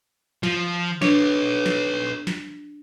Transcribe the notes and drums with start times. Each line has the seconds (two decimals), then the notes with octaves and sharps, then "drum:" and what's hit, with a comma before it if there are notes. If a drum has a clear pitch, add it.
0.43 F3, drum: snare
1.02 D4 B4 C#5, drum: snare
1.66 drum: snare
2.27 drum: snare